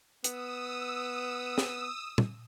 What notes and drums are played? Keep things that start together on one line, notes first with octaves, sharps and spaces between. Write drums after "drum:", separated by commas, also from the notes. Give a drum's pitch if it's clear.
B3 D#6 E6, drum: hi-hat
drum: snare
drum: tom